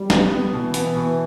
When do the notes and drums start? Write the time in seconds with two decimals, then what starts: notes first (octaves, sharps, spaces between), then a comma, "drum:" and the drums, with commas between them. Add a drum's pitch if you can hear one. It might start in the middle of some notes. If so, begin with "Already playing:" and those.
Already playing: G3
0.10 B3, drum: snare
0.32 B3
0.52 B2 E3
0.74 B3, drum: open hi-hat
0.95 B2